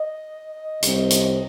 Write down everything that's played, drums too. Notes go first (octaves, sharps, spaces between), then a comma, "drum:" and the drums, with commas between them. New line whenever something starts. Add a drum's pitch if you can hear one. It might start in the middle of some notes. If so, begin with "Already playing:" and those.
Already playing: D#5
C2 C3 G3 C4, drum: hi-hat
drum: hi-hat